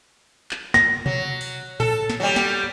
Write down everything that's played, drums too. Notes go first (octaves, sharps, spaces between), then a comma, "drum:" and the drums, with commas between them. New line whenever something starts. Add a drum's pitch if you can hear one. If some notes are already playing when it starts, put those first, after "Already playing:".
drum: clap
A#6, drum: snare
F#3, drum: tom B2
drum: open hi-hat
A4, drum: tom A2
drum: snare
F#3 G3
drum: snare